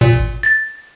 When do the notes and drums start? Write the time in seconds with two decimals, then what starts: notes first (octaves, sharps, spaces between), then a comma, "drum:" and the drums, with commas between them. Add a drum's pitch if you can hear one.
0.01 A#2
0.13 drum: kick G#1
0.43 A6